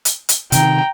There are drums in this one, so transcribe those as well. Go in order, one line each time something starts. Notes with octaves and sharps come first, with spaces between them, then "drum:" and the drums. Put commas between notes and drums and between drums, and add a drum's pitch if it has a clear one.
drum: hi-hat
drum: hi-hat
C3 D#3 G5 A#5, drum: hi-hat